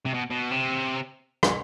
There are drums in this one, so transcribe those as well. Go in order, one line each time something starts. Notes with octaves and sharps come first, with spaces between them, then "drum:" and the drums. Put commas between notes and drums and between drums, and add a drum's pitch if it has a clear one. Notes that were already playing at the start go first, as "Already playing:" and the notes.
C3
B2
B2
C3
drum: rim click